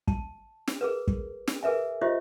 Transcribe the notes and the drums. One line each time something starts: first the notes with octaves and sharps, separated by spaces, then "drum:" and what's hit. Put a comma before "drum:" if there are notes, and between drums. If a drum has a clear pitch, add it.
A5, drum: kick
drum: snare
G#4 A#4 B4
drum: kick
drum: snare
G#4 A#4 B4 E5 G#5
F4 G4 C5 C#5 D#5 E5